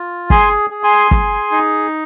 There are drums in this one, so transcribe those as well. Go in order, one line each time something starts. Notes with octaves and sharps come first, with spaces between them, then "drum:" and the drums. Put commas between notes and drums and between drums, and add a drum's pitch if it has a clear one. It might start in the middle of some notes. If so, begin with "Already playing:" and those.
Already playing: F4
G#4 G#5 C6, drum: kick
G#4
G#5 C6
G#4, drum: kick
D#4